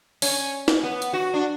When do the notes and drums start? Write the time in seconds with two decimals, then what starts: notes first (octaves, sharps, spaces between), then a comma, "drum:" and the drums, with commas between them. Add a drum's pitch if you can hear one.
0.22 C#4, drum: open hi-hat
0.68 drum: snare
0.83 B3
1.02 drum: hi-hat
1.13 F#4
1.34 D4